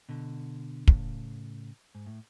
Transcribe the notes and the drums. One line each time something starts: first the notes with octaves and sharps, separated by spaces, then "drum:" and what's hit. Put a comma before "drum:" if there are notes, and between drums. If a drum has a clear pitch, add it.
B2 D3
A2 C#3, drum: kick
G#2
A2